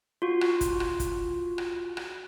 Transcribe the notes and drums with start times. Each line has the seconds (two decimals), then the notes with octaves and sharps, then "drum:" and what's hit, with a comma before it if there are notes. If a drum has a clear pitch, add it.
0.22 F4 F#4
0.41 drum: rim click
0.61 drum: kick, hi-hat
0.80 drum: rim click
1.00 drum: kick, hi-hat
1.58 drum: rim click
1.97 drum: rim click